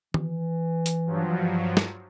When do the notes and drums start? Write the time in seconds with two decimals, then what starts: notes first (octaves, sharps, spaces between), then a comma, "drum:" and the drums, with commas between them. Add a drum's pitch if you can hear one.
0.14 E3, drum: tom
0.86 drum: hi-hat
1.06 G2 F3 F#3
1.77 drum: snare